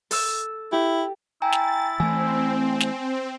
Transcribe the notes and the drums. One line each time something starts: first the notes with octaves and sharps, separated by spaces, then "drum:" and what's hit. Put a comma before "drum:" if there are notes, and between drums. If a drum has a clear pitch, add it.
A4 E6, drum: open hi-hat
E4 G4
E4 G5 G#5 A#5 A6
drum: snare
E3 A3 C4 G#5
drum: snare